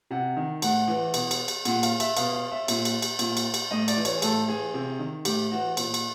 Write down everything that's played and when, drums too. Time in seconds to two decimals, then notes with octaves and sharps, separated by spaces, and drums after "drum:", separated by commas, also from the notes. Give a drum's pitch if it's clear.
0.11 C3 F#5
0.37 D#3
0.62 A2 F#5, drum: cymbal
0.88 E3
1.14 B2, drum: cymbal
1.31 drum: cymbal
1.48 drum: cymbal
1.65 A#2 F#5, drum: cymbal
1.83 F5, drum: cymbal
2.00 E5, drum: cymbal
2.17 B2 F5, drum: cymbal
2.34 F5
2.51 E5
2.68 A#2, drum: cymbal
2.85 drum: cymbal
3.02 drum: cymbal
3.19 A#2, drum: cymbal
3.37 drum: cymbal
3.54 drum: cymbal
3.71 A2 D#5
3.88 D5, drum: cymbal
3.97 E3
4.05 C#5, drum: cymbal
4.17 G#4
4.22 A2 A4, drum: cymbal
4.48 E3 G#4
4.74 C3
4.99 D#3
5.25 A2 G4, drum: cymbal
5.51 E3 F#4
5.77 A#2, drum: cymbal
5.94 drum: cymbal